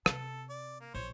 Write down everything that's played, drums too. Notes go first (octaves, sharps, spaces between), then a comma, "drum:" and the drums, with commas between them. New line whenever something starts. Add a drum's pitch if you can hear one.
C3 A4, drum: rim click
D5
A#3
A#1 C5 C#5 C6